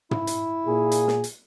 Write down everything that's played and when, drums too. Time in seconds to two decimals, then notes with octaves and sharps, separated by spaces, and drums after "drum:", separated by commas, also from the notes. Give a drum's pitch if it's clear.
0.11 E4, drum: tom
0.27 drum: hi-hat
0.67 A#2 G#4
0.92 drum: hi-hat
1.08 drum: snare
1.24 drum: hi-hat